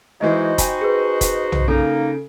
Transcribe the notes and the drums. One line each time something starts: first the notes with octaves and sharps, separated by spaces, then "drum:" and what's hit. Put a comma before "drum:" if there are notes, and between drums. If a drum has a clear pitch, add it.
E3 G#3 D#4 E4 F#4 C5 D#5
G5 G#5 B5, drum: kick F1, hi-hat
G#4 B4
drum: kick F1, hi-hat
drum: tom
C#3 A#3 D#4 A4